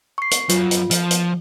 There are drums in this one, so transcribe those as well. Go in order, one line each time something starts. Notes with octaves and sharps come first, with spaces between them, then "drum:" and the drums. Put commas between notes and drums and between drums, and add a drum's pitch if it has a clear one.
C#6 C7
drum: hi-hat
F#2 F4, drum: hi-hat
drum: hi-hat
F3, drum: hi-hat
drum: hi-hat